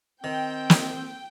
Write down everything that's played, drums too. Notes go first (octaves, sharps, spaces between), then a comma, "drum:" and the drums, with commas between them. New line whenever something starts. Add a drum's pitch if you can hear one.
D#3 C4 G5
drum: snare